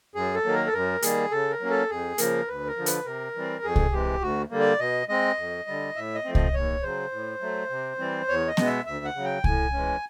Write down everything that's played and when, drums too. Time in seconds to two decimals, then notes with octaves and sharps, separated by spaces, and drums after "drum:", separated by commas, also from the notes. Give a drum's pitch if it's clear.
0.15 F#2 G#4
0.34 A4
0.45 D#3 F#3 A#3
0.54 A#4
0.67 A4
0.73 F#2 A#4
1.02 D#3 G3 A#3 G#4, drum: hi-hat
1.31 C#3 A4
1.51 A#4
1.60 F#3 A#3 C#4
1.70 A4
1.90 F2 G#4
2.18 C#3 F3 A#3 A#4, drum: hi-hat
2.48 D2 B4
2.67 A#4
2.77 D3 F3
2.86 B4, drum: hi-hat
3.05 C3 A#4
3.35 E3 G3 C4
3.64 F2 G#4
3.76 drum: kick C2
3.92 C3 E3 G#3 G4
4.21 D2 F#4
4.50 D3 G3 A#3
4.60 D5
4.80 B2 D#5
5.09 G#3 C4 D#5
5.37 F2
5.67 D3 G3
5.96 A2 E5
6.15 D#5
6.25 F3 A3 C4
6.35 D#5, drum: kick C2
6.53 D#2 C#5
6.83 C#3 F#3 C5
7.12 A2
7.41 F#3 A3
7.70 C3
7.99 E3 G3 C4
8.28 E2 C#5
8.48 D#5
8.57 B2 G#3 B3, drum: snare B3
8.66 E5
8.86 D2 E5
9.05 F#5
9.15 C#3 F#3
9.24 G5
9.44 A2 G#5, drum: kick C2
9.73 E3 G#3 C#4